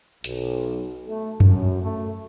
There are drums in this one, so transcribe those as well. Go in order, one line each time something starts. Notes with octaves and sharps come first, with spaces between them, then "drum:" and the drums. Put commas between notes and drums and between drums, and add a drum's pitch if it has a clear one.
B1, drum: hi-hat
A3
F#2, drum: tom F#2
A3